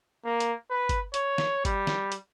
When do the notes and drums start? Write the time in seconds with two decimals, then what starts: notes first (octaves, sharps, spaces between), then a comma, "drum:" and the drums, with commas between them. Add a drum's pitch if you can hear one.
0.25 A#3
0.40 drum: hi-hat
0.70 B4
0.89 drum: kick G1, hi-hat
1.14 C#5, drum: hi-hat
1.38 drum: snare
1.65 G3, drum: kick G1, hi-hat
1.87 drum: snare
2.12 drum: hi-hat